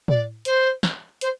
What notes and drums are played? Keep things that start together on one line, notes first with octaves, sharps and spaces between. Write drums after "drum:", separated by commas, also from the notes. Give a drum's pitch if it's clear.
D5, drum: tom
C5, drum: hi-hat
drum: snare
C5, drum: hi-hat